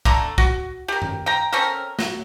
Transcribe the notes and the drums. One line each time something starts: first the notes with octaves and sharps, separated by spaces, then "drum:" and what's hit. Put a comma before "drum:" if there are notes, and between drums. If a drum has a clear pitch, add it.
D3 A3 A#5, drum: kick
F#4, drum: kick
G4 A#4
drum: tom F#2
G5 A#5
C4 C#4 A4 A#4
F#3, drum: snare